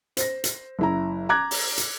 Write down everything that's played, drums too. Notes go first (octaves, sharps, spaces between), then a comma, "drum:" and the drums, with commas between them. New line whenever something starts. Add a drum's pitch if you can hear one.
C5 A#6, drum: hi-hat
drum: hi-hat
F#1 E4 A#5
A#5 D6 F#6 G#6
drum: open hi-hat
drum: hi-hat